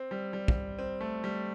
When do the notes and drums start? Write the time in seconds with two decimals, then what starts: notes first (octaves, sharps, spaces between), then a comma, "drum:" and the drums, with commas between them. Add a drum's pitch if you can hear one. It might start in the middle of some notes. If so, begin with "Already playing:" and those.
Already playing: C4
0.11 G3
0.33 G3
0.48 drum: kick
0.78 C4
1.01 A3
1.24 G3